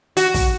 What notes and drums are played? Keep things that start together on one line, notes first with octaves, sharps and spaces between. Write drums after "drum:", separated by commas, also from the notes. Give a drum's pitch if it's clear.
F#4, drum: hi-hat
drum: kick, open hi-hat